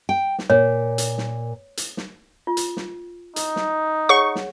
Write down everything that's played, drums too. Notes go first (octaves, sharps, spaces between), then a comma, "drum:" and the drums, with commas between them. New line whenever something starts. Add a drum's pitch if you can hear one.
G5
drum: snare
A#2 C#5
drum: hi-hat
drum: snare
drum: hi-hat
drum: snare
F4
drum: hi-hat
drum: snare
D#4, drum: hi-hat
drum: snare
G#4 C#5 F#5 C#6
drum: snare